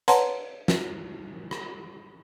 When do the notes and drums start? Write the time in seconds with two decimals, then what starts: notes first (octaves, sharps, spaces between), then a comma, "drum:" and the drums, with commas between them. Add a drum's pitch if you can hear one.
0.08 B4 C#5 F#5 A5 A#5 C6, drum: hi-hat
0.68 drum: snare
1.51 drum: rim click